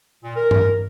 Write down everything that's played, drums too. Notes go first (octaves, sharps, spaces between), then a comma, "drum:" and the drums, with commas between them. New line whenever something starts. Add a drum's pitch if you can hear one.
A#2
A#4
drum: tom G2